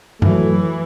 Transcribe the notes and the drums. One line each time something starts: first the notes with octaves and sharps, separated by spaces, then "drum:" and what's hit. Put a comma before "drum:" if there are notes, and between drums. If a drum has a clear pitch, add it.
E3 F#3 A3, drum: tom F#2